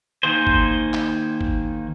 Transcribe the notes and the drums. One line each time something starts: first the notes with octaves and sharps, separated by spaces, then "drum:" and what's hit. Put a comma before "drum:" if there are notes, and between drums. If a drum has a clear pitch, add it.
D#3 A#3 G#4 C5
drum: kick G1
drum: clap
drum: kick G1